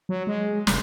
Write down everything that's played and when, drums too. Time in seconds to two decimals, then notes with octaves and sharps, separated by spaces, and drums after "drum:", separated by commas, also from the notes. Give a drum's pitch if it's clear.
0.09 F#3
0.27 G#3
0.67 F1, drum: snare